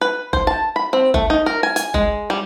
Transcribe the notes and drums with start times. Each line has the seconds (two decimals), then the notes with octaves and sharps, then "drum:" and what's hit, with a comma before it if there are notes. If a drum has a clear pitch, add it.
0.01 B4
0.33 C5, drum: kick F#1
0.47 A5
0.76 B5
0.93 C4
1.14 A3, drum: kick F#1
1.30 D#4
1.46 A#4
1.63 G#5
1.76 G#5, drum: hi-hat
1.94 G#3, drum: kick F#1
2.30 G3